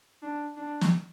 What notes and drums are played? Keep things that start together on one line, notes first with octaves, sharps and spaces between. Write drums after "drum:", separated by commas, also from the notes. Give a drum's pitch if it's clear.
D4
D4
drum: snare